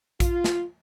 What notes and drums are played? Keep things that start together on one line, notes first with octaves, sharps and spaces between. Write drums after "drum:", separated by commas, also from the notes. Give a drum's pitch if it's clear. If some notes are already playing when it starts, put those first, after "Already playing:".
F4, drum: kick A#1, hi-hat
drum: snare